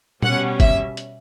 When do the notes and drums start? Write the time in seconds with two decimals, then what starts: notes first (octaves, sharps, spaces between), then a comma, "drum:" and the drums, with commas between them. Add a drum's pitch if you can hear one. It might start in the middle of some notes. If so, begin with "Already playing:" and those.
0.22 B2 G3 C#4 F#5, drum: tom A#2
0.60 E5, drum: kick, hi-hat
0.97 drum: hi-hat